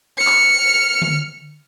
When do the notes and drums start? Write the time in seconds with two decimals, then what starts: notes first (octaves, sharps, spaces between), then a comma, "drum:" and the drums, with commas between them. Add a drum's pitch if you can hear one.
0.18 F6 C#7
0.27 drum: clap
1.02 drum: tom D3